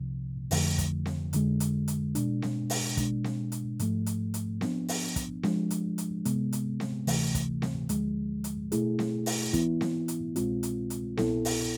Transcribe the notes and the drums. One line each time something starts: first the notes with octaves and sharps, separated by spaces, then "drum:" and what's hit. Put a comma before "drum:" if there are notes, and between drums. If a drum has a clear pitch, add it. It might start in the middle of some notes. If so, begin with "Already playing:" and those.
Already playing: C2 C3 F3
F2 D3 F3 A3, drum: open hi-hat
drum: kick, hi-hat
drum: snare C4
F2 D3 G#3, drum: hi-hat
drum: hi-hat
drum: hi-hat
B2 G#3 D4, drum: hi-hat
drum: snare C4
drum: open hi-hat
B2 G#3 D4, drum: kick, hi-hat
drum: snare C4
drum: hi-hat
G#2 F3 A3, drum: hi-hat
drum: hi-hat
drum: hi-hat
F3 B3 D4, drum: snare C4
drum: open hi-hat
drum: kick, hi-hat
F3 G#3 D4, drum: snare C4
drum: hi-hat
drum: hi-hat
C3 G#3 B3, drum: hi-hat
drum: hi-hat
drum: snare C4
D2 C3 E3 A3, drum: open hi-hat
drum: kick, hi-hat
drum: snare C4
D2 D3 F3 G#3, drum: hi-hat
drum: hi-hat
B2 A3 E4 G#4, drum: hi-hat
drum: snare C4
drum: open hi-hat
E3 B3 E4, drum: kick, hi-hat
drum: snare C4
drum: hi-hat
C2 B2 G#3 C4 F4, drum: hi-hat
drum: hi-hat
drum: hi-hat
C2 B2 B3 E4 A4, drum: snare C4
drum: open hi-hat